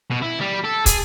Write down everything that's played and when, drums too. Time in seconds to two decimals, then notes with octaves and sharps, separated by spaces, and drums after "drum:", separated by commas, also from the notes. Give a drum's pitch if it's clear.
0.10 B2
0.22 E4
0.40 G3
0.64 A4
0.86 G#4, drum: kick, hi-hat